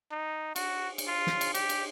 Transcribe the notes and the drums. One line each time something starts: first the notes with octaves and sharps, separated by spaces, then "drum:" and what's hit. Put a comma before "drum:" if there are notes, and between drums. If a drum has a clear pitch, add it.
D#4
F#4, drum: cymbal
drum: cymbal
F4
drum: snare
drum: cymbal
G4, drum: cymbal
drum: cymbal